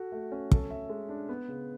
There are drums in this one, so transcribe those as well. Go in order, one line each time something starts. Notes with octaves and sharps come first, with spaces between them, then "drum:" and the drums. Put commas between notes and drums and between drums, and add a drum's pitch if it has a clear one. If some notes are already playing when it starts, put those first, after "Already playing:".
Already playing: F#4 A4
A3
C#4
A4, drum: kick
E5
G#3
D4
B3
C#3